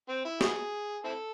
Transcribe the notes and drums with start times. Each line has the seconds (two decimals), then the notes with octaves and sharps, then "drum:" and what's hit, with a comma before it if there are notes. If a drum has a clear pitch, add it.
0.09 C4
0.25 E4
0.41 B3 E4 G#4, drum: snare
1.04 C4 E4 A4